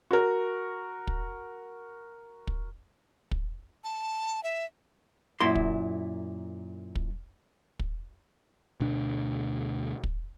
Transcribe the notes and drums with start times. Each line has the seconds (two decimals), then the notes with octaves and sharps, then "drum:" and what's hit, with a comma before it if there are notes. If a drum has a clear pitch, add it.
0.11 F#4 A#4
1.07 drum: kick
2.47 drum: kick
3.31 drum: kick
3.84 A5
4.43 E5
5.40 F#2 A#2 E4 C6
5.55 drum: kick
6.95 drum: kick
7.79 drum: kick
8.80 D2 B2 D4
10.03 drum: kick